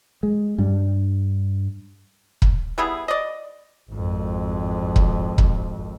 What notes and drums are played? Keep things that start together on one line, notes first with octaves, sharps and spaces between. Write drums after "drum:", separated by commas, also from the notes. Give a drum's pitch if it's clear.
G#3
G2 G3 D4
drum: kick
G3 B3 E4 G#4
D5 D#5
G#1 F2
drum: kick
drum: kick